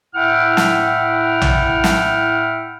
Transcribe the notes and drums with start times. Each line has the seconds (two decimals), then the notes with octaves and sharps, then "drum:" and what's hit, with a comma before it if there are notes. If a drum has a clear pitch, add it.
0.15 A2 E4 E5 F#5 G5 F6
0.57 drum: snare
1.41 drum: tom A#1
1.84 drum: snare